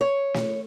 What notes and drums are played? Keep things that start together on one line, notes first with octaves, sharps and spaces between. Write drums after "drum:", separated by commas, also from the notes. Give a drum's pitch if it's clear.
C#5
drum: snare